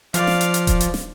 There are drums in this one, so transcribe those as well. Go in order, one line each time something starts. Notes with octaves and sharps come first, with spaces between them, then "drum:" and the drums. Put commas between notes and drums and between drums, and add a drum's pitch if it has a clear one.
F3 D5 F5, drum: hi-hat
drum: snare
drum: hi-hat
drum: hi-hat
drum: kick D#1, hi-hat
drum: hi-hat
drum: snare